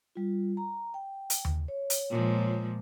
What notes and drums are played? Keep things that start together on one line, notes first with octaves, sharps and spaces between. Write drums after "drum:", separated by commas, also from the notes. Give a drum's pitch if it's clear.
G3 F4
A#5
G5
drum: hi-hat
drum: tom D#2
C#5
drum: hi-hat
A#2 F3 G#3